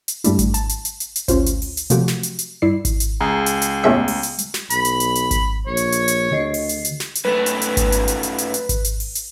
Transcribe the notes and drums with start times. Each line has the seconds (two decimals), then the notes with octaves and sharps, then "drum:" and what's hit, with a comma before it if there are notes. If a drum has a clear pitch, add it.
0.08 drum: hi-hat
0.24 G2 G3 A3 D4 E4, drum: hi-hat
0.39 drum: kick G#1, hi-hat
0.54 A5, drum: hi-hat
0.69 drum: hi-hat
0.85 drum: hi-hat
1.00 drum: hi-hat
1.16 drum: hi-hat
1.28 D2 C#4 F4 C5, drum: kick G#1, hi-hat
1.46 drum: hi-hat
1.62 drum: open hi-hat
1.77 drum: hi-hat
1.90 C3 F3 F#3 A3 F#4 G4, drum: hi-hat
2.08 drum: snare
2.23 drum: hi-hat
2.39 drum: hi-hat
2.62 G2 E4 D5 C7
2.85 drum: kick G#1, hi-hat
3.00 drum: hi-hat
3.20 C#2 G#4 A#5
3.46 drum: hi-hat
3.62 drum: hi-hat
3.84 A1 E2 E5
4.08 drum: open hi-hat
4.23 drum: hi-hat
4.39 drum: hi-hat
4.54 drum: snare
4.70 B1 B5, drum: hi-hat
4.85 drum: hi-hat
5.00 drum: hi-hat
5.15 drum: hi-hat
5.31 drum: kick G#1, hi-hat
5.67 A#1 C#5
5.77 drum: hi-hat
5.92 drum: hi-hat
6.08 drum: hi-hat
6.31 D2 D3 D#5 C7
6.54 drum: open hi-hat
6.69 drum: hi-hat
6.85 drum: hi-hat
7.00 drum: snare
7.15 drum: hi-hat
7.25 F#2 A3 B4
7.46 drum: hi-hat
7.61 drum: hi-hat
7.77 drum: kick G#1, hi-hat
7.92 drum: hi-hat
8.08 drum: hi-hat
8.23 drum: hi-hat
8.38 drum: hi-hat
8.54 drum: hi-hat
8.69 drum: kick G#1, hi-hat
8.85 drum: hi-hat
9.00 drum: open hi-hat
9.15 drum: hi-hat